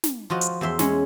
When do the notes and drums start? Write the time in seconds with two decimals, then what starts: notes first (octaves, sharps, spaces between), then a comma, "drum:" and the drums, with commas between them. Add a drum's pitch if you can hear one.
0.04 drum: snare
0.30 F3 F4 F#4 D#5
0.41 drum: hi-hat
0.61 E2 C5 E5 C6
0.79 G#3 C#4, drum: snare